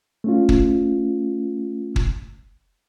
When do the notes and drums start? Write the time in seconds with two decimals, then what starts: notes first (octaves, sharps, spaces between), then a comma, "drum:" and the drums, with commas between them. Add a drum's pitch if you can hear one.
0.24 A3 C#4 F4
0.49 drum: kick
1.96 drum: kick